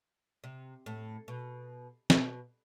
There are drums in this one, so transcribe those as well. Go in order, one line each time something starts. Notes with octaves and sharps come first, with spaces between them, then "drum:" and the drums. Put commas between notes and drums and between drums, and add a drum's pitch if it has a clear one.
C3
A2
B2
B2, drum: snare